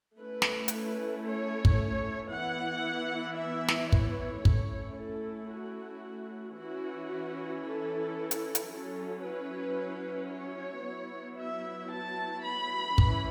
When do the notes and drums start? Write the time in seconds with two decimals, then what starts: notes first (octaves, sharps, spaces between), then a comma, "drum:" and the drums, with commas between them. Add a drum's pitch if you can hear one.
0.18 A3 C#4 E4 B4
0.42 drum: snare
0.68 drum: hi-hat
1.25 C#5
1.65 drum: kick
2.32 E3 B3 E4 F#5
3.38 E5
3.68 drum: snare
3.92 C#5, drum: kick
4.45 A3 C#4 E4, drum: kick
4.98 A4
5.52 F#4
6.58 E3 C#4 E4 F#4
7.65 A4
8.31 drum: hi-hat
8.55 drum: hi-hat
8.71 F#3 C#4 E4 A4
9.25 B4
10.31 C#5
10.85 F#3 B3 E4
11.38 E5
11.91 A5
12.45 B5
12.98 E3 C#4 E4, drum: kick